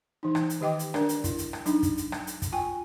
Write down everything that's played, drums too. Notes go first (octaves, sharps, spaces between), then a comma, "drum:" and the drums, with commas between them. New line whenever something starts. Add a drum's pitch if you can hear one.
E3 D#4
drum: rim click
drum: hi-hat
D#3 G4 D#5 G5 D6
drum: hi-hat
D4 A#4 D5, drum: rim click
drum: hi-hat
E4, drum: kick, hi-hat
drum: hi-hat
drum: rim click
F#3 D4 D#4, drum: hi-hat
drum: kick, hi-hat
drum: hi-hat
drum: rim click
drum: hi-hat
drum: kick, hi-hat
F4 G5 G#5